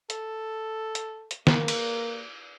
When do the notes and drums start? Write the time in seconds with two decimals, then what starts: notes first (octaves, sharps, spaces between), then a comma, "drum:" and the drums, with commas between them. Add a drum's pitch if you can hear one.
0.10 A4, drum: hi-hat
0.95 drum: hi-hat
1.31 drum: hi-hat
1.47 A#3, drum: snare
1.68 drum: cymbal